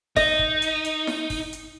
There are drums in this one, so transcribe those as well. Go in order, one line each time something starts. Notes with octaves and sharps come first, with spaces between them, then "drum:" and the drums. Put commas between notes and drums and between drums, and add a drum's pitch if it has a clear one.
D#4 D#5, drum: kick, open hi-hat
drum: kick
drum: hi-hat
drum: hi-hat
drum: snare E4
drum: kick, open hi-hat
drum: hi-hat